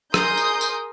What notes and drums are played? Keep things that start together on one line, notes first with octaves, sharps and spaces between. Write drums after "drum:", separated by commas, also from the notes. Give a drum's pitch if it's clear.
G#4 A#4 C6 D#6 G6, drum: rim click
drum: tambourine
drum: tambourine